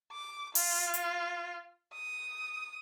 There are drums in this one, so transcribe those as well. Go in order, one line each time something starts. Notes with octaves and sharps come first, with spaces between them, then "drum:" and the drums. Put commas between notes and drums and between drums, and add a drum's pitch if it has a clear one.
D6
F4, drum: open hi-hat
drum: hi-hat
D#6